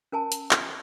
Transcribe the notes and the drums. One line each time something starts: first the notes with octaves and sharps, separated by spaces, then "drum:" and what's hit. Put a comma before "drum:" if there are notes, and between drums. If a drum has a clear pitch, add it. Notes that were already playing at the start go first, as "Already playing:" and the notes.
C#4 A#4 G#5 A5
drum: hi-hat
drum: clap